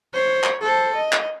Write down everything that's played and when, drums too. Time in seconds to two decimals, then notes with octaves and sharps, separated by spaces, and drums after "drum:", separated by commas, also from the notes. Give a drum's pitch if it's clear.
0.13 C5 C#5
0.43 drum: clap
0.62 A4 C5
0.95 D#5
1.12 drum: clap